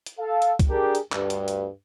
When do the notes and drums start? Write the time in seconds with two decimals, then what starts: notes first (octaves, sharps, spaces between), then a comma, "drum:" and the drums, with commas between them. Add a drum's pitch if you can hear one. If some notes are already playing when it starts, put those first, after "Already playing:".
0.06 drum: hi-hat
0.19 A4 F5
0.42 drum: hi-hat
0.59 drum: kick C2, hi-hat
0.70 D4 G4 G#4 A#4
0.95 drum: hi-hat
1.12 D2 G2, drum: clap
1.30 drum: hi-hat
1.48 drum: hi-hat